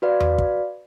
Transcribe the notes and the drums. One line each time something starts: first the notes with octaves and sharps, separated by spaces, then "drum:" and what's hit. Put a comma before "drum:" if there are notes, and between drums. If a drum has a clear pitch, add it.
F#4 B4 D5 F5
drum: tom E2
drum: kick